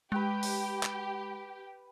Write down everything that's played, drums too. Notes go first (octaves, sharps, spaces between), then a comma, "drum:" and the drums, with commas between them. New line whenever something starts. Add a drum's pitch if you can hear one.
G#3 G4 B4 G5
drum: open hi-hat
drum: clap